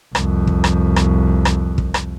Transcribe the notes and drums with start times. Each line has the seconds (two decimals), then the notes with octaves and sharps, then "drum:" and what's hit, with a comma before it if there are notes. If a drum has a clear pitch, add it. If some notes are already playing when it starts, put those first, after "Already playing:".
0.15 C2 F2, drum: rim click
0.47 drum: kick
0.64 drum: rim click
0.96 drum: rim click
1.45 drum: rim click
1.78 drum: kick
1.94 drum: rim click